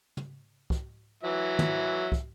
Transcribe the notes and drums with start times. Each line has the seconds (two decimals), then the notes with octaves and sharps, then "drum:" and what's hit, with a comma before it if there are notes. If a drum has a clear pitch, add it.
0.17 drum: tom
0.70 drum: kick
1.23 E3 F#3 E5
1.59 drum: tom
2.12 drum: kick